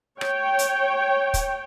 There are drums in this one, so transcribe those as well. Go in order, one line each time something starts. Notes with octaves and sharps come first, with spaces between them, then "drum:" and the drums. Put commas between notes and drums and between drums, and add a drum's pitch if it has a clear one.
C#5 G5, drum: rim click
drum: hi-hat
drum: kick, hi-hat